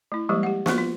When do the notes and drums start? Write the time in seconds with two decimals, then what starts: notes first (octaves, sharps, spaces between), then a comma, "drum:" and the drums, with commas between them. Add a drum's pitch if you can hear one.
0.12 A3 E4
0.29 F3 G3 G#3 A#3 G4
0.43 G4 F#5
0.66 F3 A#3 B3 F4, drum: snare
0.78 F4